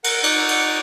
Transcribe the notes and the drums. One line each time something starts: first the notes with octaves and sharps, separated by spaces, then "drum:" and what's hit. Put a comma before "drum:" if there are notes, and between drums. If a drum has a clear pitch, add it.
A#4 F#5, drum: cymbal
D#4 D5 F#5, drum: cymbal
drum: cymbal